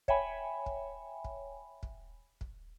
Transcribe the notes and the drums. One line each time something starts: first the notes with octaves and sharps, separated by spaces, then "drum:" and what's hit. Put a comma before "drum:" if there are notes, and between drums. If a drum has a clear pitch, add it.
C#5 E5 G5 G#5 B5, drum: kick
drum: kick
drum: kick
drum: kick
drum: kick